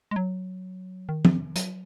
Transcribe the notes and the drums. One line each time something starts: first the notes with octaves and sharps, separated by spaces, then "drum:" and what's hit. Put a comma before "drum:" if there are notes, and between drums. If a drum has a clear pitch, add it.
G#3
F#3
D#3
drum: tom F3
F#3, drum: hi-hat